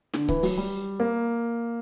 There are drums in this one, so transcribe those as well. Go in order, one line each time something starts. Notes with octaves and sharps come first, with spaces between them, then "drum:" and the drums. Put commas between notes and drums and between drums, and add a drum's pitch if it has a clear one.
D3, drum: snare
E3, drum: kick C#1
F#3, drum: open hi-hat
G3
A#3